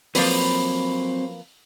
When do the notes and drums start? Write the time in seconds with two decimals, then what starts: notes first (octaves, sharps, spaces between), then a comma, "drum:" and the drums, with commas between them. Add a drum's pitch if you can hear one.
0.15 F3 F#3 A#3 C4 B4, drum: open hi-hat